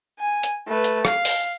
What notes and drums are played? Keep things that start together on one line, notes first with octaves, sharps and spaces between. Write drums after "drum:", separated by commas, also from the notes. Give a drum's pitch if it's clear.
G#5
drum: hi-hat
A3 B4
drum: hi-hat
F5, drum: rim click
drum: open hi-hat